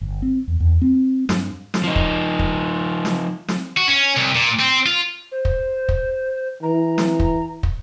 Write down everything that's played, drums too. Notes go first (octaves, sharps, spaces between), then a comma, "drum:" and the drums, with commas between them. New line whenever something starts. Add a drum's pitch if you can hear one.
G1
C4
E2
E2
C4
G2, drum: snare
drum: snare
F3 D#4
drum: kick
drum: kick
drum: snare
drum: snare
F#4
C#4
C2
A#2
C4
F4
C5
drum: kick
drum: kick
E3 A#5
drum: snare
drum: kick
drum: kick